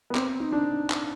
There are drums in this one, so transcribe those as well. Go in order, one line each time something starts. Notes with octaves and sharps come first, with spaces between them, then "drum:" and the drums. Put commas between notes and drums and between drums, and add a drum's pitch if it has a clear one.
B3
C4, drum: clap
D#4
D4
drum: clap